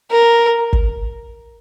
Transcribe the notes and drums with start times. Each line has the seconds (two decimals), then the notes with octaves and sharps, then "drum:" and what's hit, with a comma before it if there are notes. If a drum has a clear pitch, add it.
0.11 A#4
0.73 drum: kick